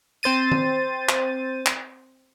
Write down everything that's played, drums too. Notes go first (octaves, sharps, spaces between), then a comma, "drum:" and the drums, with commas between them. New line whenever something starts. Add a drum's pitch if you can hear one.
C4 C5 A6 D#7
drum: tom
drum: clap
drum: clap